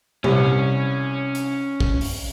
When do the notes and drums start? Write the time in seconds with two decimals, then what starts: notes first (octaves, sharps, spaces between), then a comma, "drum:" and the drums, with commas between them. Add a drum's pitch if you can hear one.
0.24 C2 C#4, drum: tom A#2
1.35 drum: hi-hat
1.80 drum: kick
2.01 drum: open hi-hat